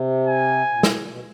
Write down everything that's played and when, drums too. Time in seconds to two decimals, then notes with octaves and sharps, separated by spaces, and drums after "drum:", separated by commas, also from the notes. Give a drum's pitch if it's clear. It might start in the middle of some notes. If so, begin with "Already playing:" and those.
Already playing: C3
0.27 G#5
0.70 A#2
0.83 B2, drum: snare
0.96 A#2
1.08 B2